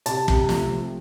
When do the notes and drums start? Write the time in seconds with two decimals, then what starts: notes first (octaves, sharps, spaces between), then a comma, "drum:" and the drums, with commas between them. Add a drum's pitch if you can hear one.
0.06 C3 A5, drum: hi-hat
0.28 C3, drum: kick
0.49 A3, drum: snare
0.70 F3